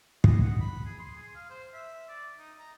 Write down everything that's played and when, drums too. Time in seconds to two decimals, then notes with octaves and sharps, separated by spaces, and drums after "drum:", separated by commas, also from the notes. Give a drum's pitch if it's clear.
0.24 D#5, drum: kick
0.42 F#5
0.60 B5
0.85 G#4
0.99 C6
1.16 G#4
1.35 F5
1.50 C5
1.74 E5
2.08 D5
2.38 D#4
2.59 A#5